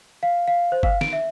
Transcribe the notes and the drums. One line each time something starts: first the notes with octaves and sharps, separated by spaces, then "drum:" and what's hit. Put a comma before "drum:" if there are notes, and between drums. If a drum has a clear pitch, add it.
F5
F5
C5
F5, drum: kick G1
D7, drum: snare
E5